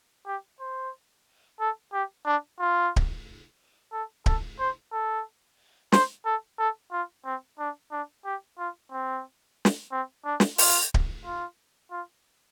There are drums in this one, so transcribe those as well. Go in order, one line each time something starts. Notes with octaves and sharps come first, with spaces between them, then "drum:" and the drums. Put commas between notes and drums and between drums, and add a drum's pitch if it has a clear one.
G4
C5
A4
G4
D4
F4
drum: kick D1
A4
A4, drum: kick D1
C5
A4
C5, drum: snare
A4
A4
F4
C4
D4
D4
G4
F4
C4
drum: snare
C4
D4
drum: snare
F4, drum: open hi-hat
drum: kick D1
F4
F4